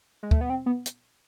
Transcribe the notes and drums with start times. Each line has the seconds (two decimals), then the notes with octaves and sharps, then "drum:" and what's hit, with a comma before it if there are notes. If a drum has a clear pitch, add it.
0.23 G#3
0.31 A3, drum: kick
0.41 B3
0.50 C4
0.66 B3
0.86 drum: hi-hat